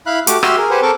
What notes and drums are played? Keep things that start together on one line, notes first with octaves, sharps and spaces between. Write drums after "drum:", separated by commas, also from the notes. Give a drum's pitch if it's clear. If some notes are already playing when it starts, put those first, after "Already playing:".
E4 F5 B5 F#6
A3 F#4 G4 D6, drum: hi-hat
F#4 G4 E5 C6 E6 F6, drum: rim click
G#4 A#4
G4 B4 C5 F#5 G#5
C4 A4 A#4 A5 C#6 D6